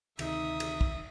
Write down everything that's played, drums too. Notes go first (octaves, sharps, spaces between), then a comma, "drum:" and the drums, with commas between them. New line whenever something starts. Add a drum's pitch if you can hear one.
D2 C3 D#3 D#4 E5 D#6, drum: cymbal
drum: cymbal
drum: kick